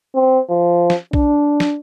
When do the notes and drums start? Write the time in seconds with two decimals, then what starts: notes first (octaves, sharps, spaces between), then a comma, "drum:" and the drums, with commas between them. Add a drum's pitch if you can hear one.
0.15 C4
0.50 F3
0.90 drum: snare
1.13 D4, drum: kick A#1
1.60 drum: snare